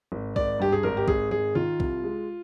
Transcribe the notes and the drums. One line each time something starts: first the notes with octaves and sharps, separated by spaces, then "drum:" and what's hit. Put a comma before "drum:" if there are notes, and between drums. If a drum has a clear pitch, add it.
G#1
G#1 D5, drum: kick B1
G2 G4
G#4
G#1 A#4
G4
G#1 G#4, drum: kick B1
G#1 G#4
D#3 F4
C2, drum: kick B1
G#3